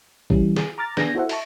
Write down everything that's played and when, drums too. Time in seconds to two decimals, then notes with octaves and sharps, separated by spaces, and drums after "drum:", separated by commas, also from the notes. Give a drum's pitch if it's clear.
0.30 E3 G3 C#4, drum: kick
0.56 G#4, drum: snare
0.78 A#5 D6 F6 A6
0.97 B3 D4 G#4 G6 G#6 A#6, drum: snare
1.15 E4 F#4 A4 C5 E5 F#5
1.29 E5 A5 C#6, drum: cymbal